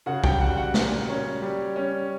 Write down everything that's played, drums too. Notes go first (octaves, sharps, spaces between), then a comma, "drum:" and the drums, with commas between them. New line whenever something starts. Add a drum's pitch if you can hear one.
C#3 F#4 F#5
G4 G5, drum: kick
G3 F#4 F#5
F#4 F#5
A#2, drum: snare
C#4
G3
C#4